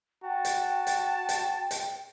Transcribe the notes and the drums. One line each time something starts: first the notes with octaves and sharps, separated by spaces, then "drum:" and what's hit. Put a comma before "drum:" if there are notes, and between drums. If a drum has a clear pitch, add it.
F#4 G5 A5
drum: hi-hat
drum: hi-hat
drum: hi-hat
drum: hi-hat